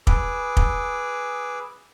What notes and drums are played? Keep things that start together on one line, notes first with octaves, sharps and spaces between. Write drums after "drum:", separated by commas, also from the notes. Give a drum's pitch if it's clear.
G#4 B4 D6 E6, drum: kick
drum: kick